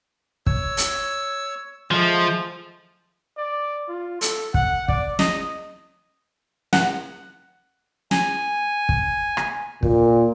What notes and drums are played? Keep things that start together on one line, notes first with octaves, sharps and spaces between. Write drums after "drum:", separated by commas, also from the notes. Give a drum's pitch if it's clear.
C#5 E6, drum: kick
drum: hi-hat
F3 G#3 A3
D5
F4
A4, drum: hi-hat
F#5, drum: kick
D5, drum: kick
D#5, drum: snare
F#5, drum: snare
G#5, drum: snare
drum: kick
drum: rim click
A#2, drum: kick